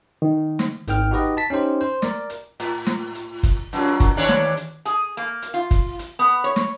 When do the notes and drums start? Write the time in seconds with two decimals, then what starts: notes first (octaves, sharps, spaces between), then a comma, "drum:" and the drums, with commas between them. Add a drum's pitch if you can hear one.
0.22 D#3
0.59 drum: snare
0.88 G#1 D#3 G5 F6, drum: hi-hat
1.11 D#4 F#4 G4 B4 D#5
1.37 A5 B6
1.50 C#4 D#4 G4 C5
1.81 C5
2.02 A#4 D5, drum: snare
2.30 drum: hi-hat
2.60 A2, drum: hi-hat
2.86 drum: snare
3.15 drum: hi-hat
3.43 drum: kick, hi-hat
3.73 F#2 A#2 F#3, drum: hi-hat
4.00 drum: kick, hi-hat
4.17 D#2 D4 C#5
4.29 drum: snare
4.57 drum: hi-hat
4.85 G#4, drum: hi-hat
5.17 A#3
5.42 drum: hi-hat
5.54 F4
5.71 drum: kick, hi-hat
5.99 drum: hi-hat
6.19 B3
6.44 C#5
6.56 drum: snare